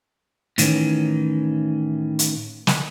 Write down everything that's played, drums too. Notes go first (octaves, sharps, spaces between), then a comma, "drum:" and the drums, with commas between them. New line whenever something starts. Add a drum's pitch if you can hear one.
A2 D#3 E3 C#4, drum: hi-hat
drum: hi-hat
drum: snare